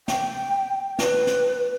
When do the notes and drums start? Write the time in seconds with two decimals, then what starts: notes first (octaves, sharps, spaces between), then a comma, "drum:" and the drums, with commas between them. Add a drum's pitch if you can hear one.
0.08 G5, drum: snare
0.99 B4, drum: snare
1.27 drum: snare